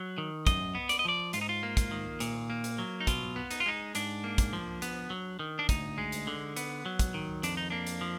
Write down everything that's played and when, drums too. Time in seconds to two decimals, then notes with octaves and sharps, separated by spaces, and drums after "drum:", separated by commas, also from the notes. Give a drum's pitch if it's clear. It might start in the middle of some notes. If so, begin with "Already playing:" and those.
Already playing: F#3
0.18 D#3
0.47 F#2 D#5, drum: kick, hi-hat
0.75 B3
0.89 D5, drum: hi-hat
0.99 D#5
1.05 F3 D5
1.33 G#2 F4, drum: hi-hat
1.41 D#4
1.49 F4
1.63 A#3
1.77 drum: kick, hi-hat
1.91 D#3
2.20 A#2, drum: hi-hat
2.50 A#3
2.64 drum: hi-hat
2.78 F#3
3.00 D#4
3.07 B2 F4, drum: kick, hi-hat
3.36 B3
3.51 D#4, drum: hi-hat
3.60 F4
3.66 G#3 D#4
3.95 G#2 D4, drum: hi-hat
4.24 A#3
4.38 drum: kick, hi-hat
4.53 F3
4.82 B3, drum: hi-hat
5.10 F#3
5.39 D#3
5.59 D4
5.69 D2 D#4, drum: kick, hi-hat
5.98 G#3
6.12 drum: hi-hat
6.27 D3
6.57 B3, drum: hi-hat
6.86 F#3
6.99 drum: kick, hi-hat
7.14 D#3
7.43 F2 D4, drum: hi-hat
7.57 D#4
7.70 A#3 D4
7.87 drum: hi-hat
8.01 F3